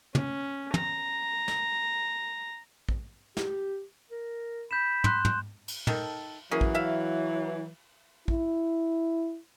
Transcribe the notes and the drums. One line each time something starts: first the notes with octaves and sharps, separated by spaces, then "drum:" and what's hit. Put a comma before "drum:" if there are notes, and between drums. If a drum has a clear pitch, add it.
C#4, drum: tom
A#5, drum: tom
drum: snare
drum: kick
G4, drum: snare
A#4
B5 G6 E7
C6 F#6, drum: tom
drum: tom
drum: cymbal
D#3 A4, drum: tom
E3 F#3 A#3 C#4 G#4
drum: kick
E5 F5
E4, drum: kick